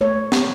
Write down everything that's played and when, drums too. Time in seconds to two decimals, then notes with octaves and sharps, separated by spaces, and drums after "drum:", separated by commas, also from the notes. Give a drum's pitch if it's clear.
0.01 A3 C#5
0.32 drum: snare